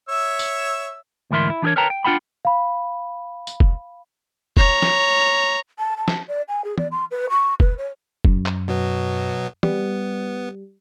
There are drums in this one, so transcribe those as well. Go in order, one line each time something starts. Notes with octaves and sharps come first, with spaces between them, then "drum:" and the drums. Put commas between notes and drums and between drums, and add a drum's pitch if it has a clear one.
C#5 E5 E6
drum: tambourine
D2 G#2 E3 A#4 E5 C6
E4
E3 D4 G4 G#4 A#4 C#5
A#4 B4 C#5 G5 A5 A#5
G5
D4 F4 F#5 G5 B5
F5 B5
drum: tambourine
drum: kick F1
C#5 A#5, drum: kick F1
drum: snare
A5
A5
drum: snare
D5
G#5
G#4
D5, drum: tom
C6
B4
C#6
B4, drum: kick F1
C#5
F#2, drum: kick F1
drum: clap
B2 F#3 B3
G3 B3, drum: tom